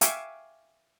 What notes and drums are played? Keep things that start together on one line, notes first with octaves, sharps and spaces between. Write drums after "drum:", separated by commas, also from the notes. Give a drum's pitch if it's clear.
E5 F5 G5 G#5 C#6 D6, drum: hi-hat